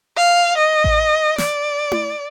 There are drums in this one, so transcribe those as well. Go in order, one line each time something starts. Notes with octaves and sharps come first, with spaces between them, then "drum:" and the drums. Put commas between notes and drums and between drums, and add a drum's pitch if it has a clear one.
F5
D#5
drum: kick A1
D5, drum: snare
drum: tom E4